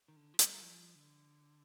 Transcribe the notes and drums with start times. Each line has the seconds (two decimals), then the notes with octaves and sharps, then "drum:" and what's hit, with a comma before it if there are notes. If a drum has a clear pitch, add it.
0.08 D#3
0.16 D3
0.34 F3
0.39 G3, drum: hi-hat
0.62 F3
0.95 D3